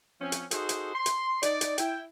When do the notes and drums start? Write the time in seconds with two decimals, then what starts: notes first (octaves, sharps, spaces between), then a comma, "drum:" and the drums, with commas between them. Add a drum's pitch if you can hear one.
0.21 F3 C4 C#4
0.32 drum: hi-hat
0.51 D#4 F#4 G#4 A4 C5, drum: hi-hat
0.69 drum: hi-hat
0.94 C6
1.06 drum: hi-hat
1.43 D#4 D5, drum: hi-hat
1.61 drum: hi-hat
1.78 E4 G5, drum: hi-hat